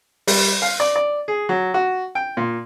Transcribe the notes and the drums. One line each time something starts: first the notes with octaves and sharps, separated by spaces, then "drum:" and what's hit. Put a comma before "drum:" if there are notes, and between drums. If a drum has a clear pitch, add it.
G3, drum: open hi-hat
F5
D5
D5
G#4
F#3
F#4
G5
A#2